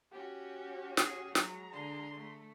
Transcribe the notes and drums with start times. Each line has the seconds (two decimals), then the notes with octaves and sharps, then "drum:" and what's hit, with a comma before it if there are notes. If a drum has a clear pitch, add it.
0.12 C#4 F#4 G4
0.97 G#4, drum: snare
1.35 F#3 G#3 A#5, drum: snare
1.73 D3 D4 C6
2.17 A3